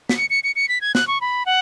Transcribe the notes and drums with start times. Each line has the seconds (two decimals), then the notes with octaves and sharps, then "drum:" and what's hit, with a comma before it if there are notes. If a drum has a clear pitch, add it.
0.09 B6, drum: snare
0.17 C#7
0.30 C#7
0.44 C#7
0.56 C#7
0.69 B6
0.81 G#6
0.95 F#6, drum: snare
1.08 C#6
1.21 B5
1.46 F#5